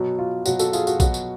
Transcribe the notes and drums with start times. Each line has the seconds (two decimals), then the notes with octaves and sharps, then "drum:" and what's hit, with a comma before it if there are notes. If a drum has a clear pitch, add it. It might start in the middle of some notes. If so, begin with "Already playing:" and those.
Already playing: B2 F#3
0.19 F4
0.46 B2 F#3 F#4, drum: tambourine
0.59 F#4 A4, drum: tambourine
0.73 F4 G#4, drum: tambourine
0.87 F#4, drum: tambourine
1.00 B2 F#3 F#4, drum: kick A#1, tambourine
1.14 drum: tambourine